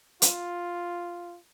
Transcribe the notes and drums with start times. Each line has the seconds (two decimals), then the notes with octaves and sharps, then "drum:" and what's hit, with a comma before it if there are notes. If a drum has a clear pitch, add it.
0.22 F4, drum: hi-hat